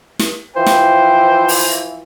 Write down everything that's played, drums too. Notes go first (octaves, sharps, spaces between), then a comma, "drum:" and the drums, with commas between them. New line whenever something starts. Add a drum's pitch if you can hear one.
drum: snare
E3 F3 C5 G5
drum: snare
drum: open hi-hat